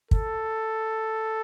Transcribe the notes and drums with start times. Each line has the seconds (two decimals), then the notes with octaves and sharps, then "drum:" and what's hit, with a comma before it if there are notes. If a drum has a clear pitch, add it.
0.11 A4, drum: kick